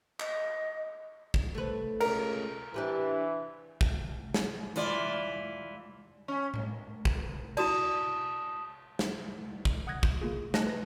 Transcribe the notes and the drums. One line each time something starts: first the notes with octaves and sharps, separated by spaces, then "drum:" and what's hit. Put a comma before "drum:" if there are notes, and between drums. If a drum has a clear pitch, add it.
D#5, drum: clap
drum: kick
A3 B4
C#2 A#4, drum: cymbal
E3 D4 G4 B4
drum: kick
drum: snare
E3 F4 D5, drum: hi-hat
C#4
drum: tom A2
drum: kick
E4 F#4 D5 A5 D#6 E7, drum: cymbal
drum: snare
drum: kick
F#5 D#6 F#6 G#6 A#6
G6, drum: kick
A#3 F4 G#4
A3 D#5 G#5 A5 F#6 A#6, drum: snare
B4 A#6